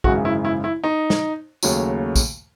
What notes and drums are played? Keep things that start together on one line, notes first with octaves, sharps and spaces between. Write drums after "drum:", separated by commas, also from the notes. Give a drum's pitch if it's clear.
G#1 F#2 C#3 E3 G#3 F#4, drum: kick
E4
E4
E4
D#4
drum: snare
D#2 C#3 F#3 A3, drum: tambourine
drum: kick, tambourine